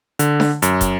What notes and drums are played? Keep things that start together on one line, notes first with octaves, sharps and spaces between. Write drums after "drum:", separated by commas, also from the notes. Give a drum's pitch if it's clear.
D3, drum: hi-hat
drum: snare D4
F#2, drum: hi-hat
drum: kick, hi-hat